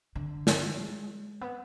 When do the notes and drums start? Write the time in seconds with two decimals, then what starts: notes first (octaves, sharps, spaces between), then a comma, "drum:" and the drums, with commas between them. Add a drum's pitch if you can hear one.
0.15 D3
0.47 drum: snare
0.78 G#3
1.41 B3